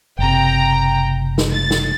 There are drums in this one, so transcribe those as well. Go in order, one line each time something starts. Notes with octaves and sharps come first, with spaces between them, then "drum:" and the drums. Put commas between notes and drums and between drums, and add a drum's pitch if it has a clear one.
F#1 C3 G5 A#5
drum: snare
A6
drum: snare